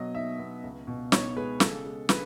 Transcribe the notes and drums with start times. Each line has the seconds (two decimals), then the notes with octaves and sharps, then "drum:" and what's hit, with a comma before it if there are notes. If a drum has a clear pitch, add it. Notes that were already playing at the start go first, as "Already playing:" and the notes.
Already playing: B2 F#3 D#5
0.14 D#4 E5
0.39 B3
0.64 C#2
0.87 B2
1.12 D#4 C#5, drum: snare
1.36 G#3 B4
1.60 C#3 A4, drum: snare
1.85 G#3
2.09 C#3 B4, drum: snare